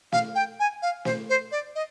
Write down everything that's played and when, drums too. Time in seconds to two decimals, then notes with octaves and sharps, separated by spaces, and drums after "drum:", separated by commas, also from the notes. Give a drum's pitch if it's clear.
0.12 F5, drum: snare
0.35 G5
0.60 G#5
0.82 F5
1.05 C5, drum: snare
1.29 C5
1.52 D5
1.75 D#5